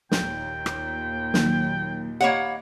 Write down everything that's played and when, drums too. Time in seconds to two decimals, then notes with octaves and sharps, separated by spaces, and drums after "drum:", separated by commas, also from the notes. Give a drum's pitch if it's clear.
0.11 D#2 A#2 G5, drum: snare
0.66 drum: rim click
1.34 D#3 F#3 A#3, drum: snare
2.20 A#3 G4 C#5 D#5 F#5 B5